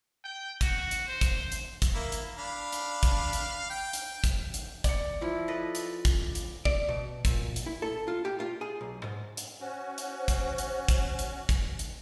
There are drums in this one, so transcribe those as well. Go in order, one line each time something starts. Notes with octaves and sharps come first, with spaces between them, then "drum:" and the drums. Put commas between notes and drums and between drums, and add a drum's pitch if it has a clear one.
G5
F#4, drum: kick, hi-hat
drum: hi-hat
C5
drum: kick, hi-hat
drum: hi-hat
drum: kick, hi-hat
A#3 E4
drum: hi-hat
D4 F5 B5
drum: hi-hat
drum: kick, hi-hat
drum: hi-hat
G5
drum: hi-hat
drum: kick, hi-hat
drum: hi-hat
D5 C#7, drum: kick, hi-hat
F3 E4 F4
A4 B4 D#5
drum: hi-hat
drum: kick, hi-hat
drum: hi-hat
D5, drum: kick
B2
A#2, drum: kick, hi-hat
drum: hi-hat
E4
A4
F4
G4
F4
G#4
B1
G#2
drum: hi-hat
C#4 F#4 C5
drum: hi-hat
drum: kick, hi-hat
drum: hi-hat
drum: kick, hi-hat
drum: hi-hat
drum: kick, hi-hat
drum: hi-hat